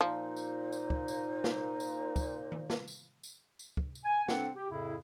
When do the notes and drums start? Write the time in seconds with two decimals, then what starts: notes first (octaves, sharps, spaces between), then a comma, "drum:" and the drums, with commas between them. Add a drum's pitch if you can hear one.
0.01 A#2 F3 D#4 C5
0.36 drum: tambourine
0.72 drum: tambourine
0.90 drum: kick
1.08 drum: tambourine
1.44 drum: snare
1.80 drum: tambourine
2.16 drum: kick, tambourine
2.52 drum: tom D#3
2.70 drum: snare
2.88 drum: tambourine
3.23 drum: tambourine
3.59 drum: tambourine
3.77 drum: kick
3.95 drum: tambourine
4.04 G#5
4.28 C4 D4 A4 F#5, drum: snare
4.55 G4
4.70 F2 A2 C#3 E4